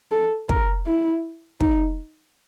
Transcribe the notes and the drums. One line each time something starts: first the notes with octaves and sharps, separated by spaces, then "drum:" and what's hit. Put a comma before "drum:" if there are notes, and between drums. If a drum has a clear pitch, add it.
A4
A#4, drum: kick
E4
D#4, drum: kick